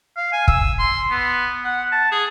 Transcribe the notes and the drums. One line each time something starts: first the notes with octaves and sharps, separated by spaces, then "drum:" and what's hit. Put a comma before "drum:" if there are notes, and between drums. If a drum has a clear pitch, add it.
F5
G#5
E6, drum: kick
C6
B3
F#5
A5
G#4